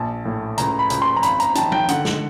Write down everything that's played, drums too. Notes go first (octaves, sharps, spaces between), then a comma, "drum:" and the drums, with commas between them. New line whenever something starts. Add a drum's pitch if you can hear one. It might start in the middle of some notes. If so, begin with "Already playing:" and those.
Already playing: A#1 A5
A2
C#2 A#5, drum: hi-hat
B5
C#2, drum: hi-hat
C6
A#5
G#1 B5, drum: hi-hat
A#5, drum: hi-hat
D#3 A5, drum: hi-hat
G5, drum: tom
D3 F#5, drum: hi-hat
drum: snare